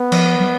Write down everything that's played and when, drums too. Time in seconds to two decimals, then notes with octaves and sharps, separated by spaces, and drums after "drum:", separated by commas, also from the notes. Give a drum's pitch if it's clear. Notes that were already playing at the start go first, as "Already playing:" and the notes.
Already playing: B3
0.12 F3, drum: cymbal
0.40 F#3